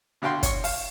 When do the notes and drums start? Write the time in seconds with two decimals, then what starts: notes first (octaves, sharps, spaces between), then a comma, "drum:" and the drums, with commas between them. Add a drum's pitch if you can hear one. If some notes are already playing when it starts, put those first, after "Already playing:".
0.22 B2 D3 F#4 F5 G5 C6
0.43 C#5 C#6, drum: kick, hi-hat
0.64 F5, drum: open hi-hat